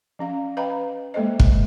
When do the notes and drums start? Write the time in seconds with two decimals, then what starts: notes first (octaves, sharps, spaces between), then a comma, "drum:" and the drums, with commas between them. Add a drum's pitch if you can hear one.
0.19 F3 C#4 F5
0.57 B4 D#5 F5 G5 A#5 B5
1.14 G#3 A#3 A4 C5 D#5
1.40 drum: kick